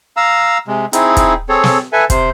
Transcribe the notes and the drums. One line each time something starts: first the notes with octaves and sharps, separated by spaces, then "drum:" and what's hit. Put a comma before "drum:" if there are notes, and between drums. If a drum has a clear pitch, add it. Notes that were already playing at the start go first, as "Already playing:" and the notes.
F5 A#5 E6
C3 G#3
C4 D#4 E4 G#4, drum: hi-hat
drum: kick, hi-hat
C4 G#4 A4 C#5
drum: snare
A4 B4 E5 G#5
C3 C5, drum: kick, hi-hat